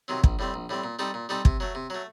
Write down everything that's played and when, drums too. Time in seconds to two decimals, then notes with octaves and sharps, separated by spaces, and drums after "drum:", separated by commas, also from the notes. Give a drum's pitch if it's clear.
0.08 C3 D#3 F#3 C4
0.24 A#1, drum: kick
0.39 A2 G3 C4
0.54 A#1
0.69 A2 G3 C4
0.84 A#2
0.99 G3 C4 D#4 A4
1.14 A#2
1.29 G3 C4 D#4 A4
1.45 C3, drum: kick
1.60 F#3 A3
1.75 C3
1.90 F#3 A3